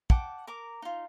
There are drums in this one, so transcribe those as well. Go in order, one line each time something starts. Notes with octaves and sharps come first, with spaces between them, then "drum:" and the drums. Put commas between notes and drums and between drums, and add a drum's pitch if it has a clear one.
F#5 G5 A5 D6, drum: kick
A#4 A#5 D6
D#4 F4